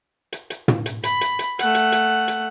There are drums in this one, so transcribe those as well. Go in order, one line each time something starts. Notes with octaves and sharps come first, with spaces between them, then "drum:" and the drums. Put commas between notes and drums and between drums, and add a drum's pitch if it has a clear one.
drum: hi-hat
drum: hi-hat
drum: tom
drum: hi-hat
B5, drum: hi-hat
drum: hi-hat
drum: hi-hat
A3 F#5, drum: hi-hat
drum: hi-hat
drum: hi-hat
drum: hi-hat